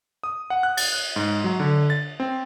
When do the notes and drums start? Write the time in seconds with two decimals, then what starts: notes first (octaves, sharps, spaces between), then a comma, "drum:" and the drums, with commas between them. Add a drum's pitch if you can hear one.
0.23 D#6
0.50 F#5
0.63 F#6
0.77 A6, drum: cymbal
0.92 F#6
1.16 G#2
1.44 F#3
1.60 D3
1.90 A6
2.20 C4